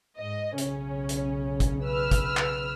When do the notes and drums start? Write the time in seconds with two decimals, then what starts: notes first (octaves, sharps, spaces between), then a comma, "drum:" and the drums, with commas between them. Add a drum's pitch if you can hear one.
0.18 G#2 D#5
0.58 B1 C#3 C#4, drum: hi-hat
1.09 drum: hi-hat
1.60 drum: kick, hi-hat
1.83 B4 E6 F6
2.11 drum: kick, hi-hat
2.37 drum: clap